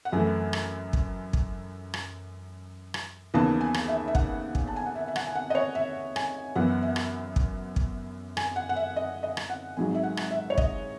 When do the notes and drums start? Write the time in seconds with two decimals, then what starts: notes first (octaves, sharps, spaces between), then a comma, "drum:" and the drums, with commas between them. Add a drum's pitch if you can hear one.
0.05 F#5
0.13 F#2 E3 A3 G#5
0.53 drum: rim click
0.93 drum: kick
1.33 drum: kick
1.94 drum: rim click
2.94 drum: rim click
3.34 D#2 C#3 E3 B3 A5
3.61 G#5
3.74 drum: rim click
3.88 E5
4.08 E5
4.15 F#5, drum: kick
4.55 drum: kick
4.67 A5
4.76 G#5
4.86 F#5
4.96 E5
5.08 E5
5.16 F#5, drum: rim click
5.27 G#5
5.35 F#5
5.50 D#5
5.55 C#5
5.75 E5
6.16 G#5, drum: rim click
6.56 F#2 E3 B3 F#5
6.82 E5
6.96 drum: rim click
7.36 drum: kick
7.76 drum: kick
8.37 G#5, drum: rim click
8.56 F#5
8.69 F#5
8.76 E5
8.96 D#5
9.23 D#5
9.37 drum: rim click
9.50 F#5
9.77 G#1 G#2 F#3 G#5
9.95 E5
10.03 F#5
10.17 drum: rim click
10.31 E5
10.50 C#5
10.58 D#5, drum: kick